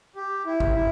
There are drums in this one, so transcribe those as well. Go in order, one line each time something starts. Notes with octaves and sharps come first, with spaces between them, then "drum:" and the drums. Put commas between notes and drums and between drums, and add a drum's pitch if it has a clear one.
G4
E4
drum: kick
E4